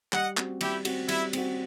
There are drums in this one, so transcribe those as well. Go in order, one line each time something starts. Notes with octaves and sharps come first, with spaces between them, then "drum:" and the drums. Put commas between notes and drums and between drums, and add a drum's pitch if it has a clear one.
G3 D#5 F#5, drum: clap
C4 F#4, drum: clap
G3 E4 G4, drum: cymbal
C4 F#4, drum: cymbal
G3 E4, drum: cymbal
C4 F#4, drum: cymbal